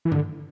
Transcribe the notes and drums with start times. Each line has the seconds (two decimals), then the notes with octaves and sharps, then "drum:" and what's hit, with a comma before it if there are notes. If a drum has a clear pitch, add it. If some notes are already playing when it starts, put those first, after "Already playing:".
0.05 E3
0.12 D3, drum: tom